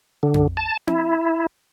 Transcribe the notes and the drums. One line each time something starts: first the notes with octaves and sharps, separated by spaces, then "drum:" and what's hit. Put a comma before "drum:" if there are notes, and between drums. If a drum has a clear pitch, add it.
D3
drum: tom F2
A5
E4, drum: tom C4